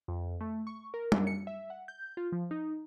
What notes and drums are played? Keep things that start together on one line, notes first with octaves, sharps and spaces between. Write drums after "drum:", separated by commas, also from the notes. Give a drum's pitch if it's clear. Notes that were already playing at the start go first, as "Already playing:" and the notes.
F2
A3
C#6
A#4
F#2, drum: tom G3
C#7
E5
F#5
G6
F4
F3
D#4